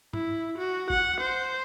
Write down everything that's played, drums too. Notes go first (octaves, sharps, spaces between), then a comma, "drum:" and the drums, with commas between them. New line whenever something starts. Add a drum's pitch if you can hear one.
E4, drum: tom G#2
F#4
F#5, drum: kick
C5